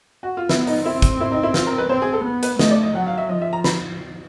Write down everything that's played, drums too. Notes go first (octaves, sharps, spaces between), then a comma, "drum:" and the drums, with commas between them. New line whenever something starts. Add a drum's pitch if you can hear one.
F#4
F4
B3 E4, drum: snare
D#4, drum: open hi-hat
C4 E4
drum: kick, hi-hat
E4
D#4
E4
F4, drum: snare
A#4
B4
C4 C5
G#4
A4
B3
B4, drum: hi-hat
A3 D#5, drum: snare
D5
D#5
F#3 F#5
F5
E5
F3 D#5
E5
A#5
B5, drum: snare